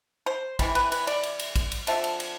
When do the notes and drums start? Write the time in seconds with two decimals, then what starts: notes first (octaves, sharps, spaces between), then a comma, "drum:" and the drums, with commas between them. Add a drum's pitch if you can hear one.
0.26 C5
0.59 C3 E3 G3, drum: kick A1, cymbal
0.75 B4, drum: cymbal
0.92 B4, drum: cymbal
1.07 D5, drum: cymbal
1.23 drum: cymbal
1.39 drum: cymbal
1.56 drum: kick A1, cymbal
1.72 drum: cymbal
1.87 D3 F3 C4 E5, drum: cymbal
2.04 drum: cymbal
2.20 drum: cymbal